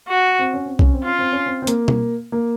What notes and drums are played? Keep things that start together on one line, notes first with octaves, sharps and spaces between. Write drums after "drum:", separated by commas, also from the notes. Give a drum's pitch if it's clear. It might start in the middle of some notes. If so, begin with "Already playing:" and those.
F#4
C4
C#4
C4
C#4, drum: kick
C4
C#4 F4
C4
C#4
C4
C4
A#3, drum: hi-hat
drum: tom B2
A#3